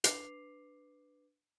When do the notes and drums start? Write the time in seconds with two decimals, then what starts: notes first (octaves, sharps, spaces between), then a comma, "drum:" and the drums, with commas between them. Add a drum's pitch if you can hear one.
0.04 D4 B4 D6 C7 F7, drum: hi-hat